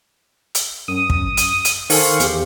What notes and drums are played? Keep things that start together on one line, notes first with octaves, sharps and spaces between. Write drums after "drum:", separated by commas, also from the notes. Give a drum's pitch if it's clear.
drum: hi-hat
F#2 D#6
drum: kick
drum: hi-hat
drum: hi-hat
D#3 A4 C5 F5 G#5 C#6, drum: open hi-hat
E2 G4, drum: hi-hat